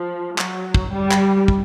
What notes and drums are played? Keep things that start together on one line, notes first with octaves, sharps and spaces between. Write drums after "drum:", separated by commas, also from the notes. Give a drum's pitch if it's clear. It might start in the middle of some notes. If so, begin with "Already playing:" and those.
Already playing: F3
F#3, drum: clap
drum: kick
G3
drum: clap
drum: kick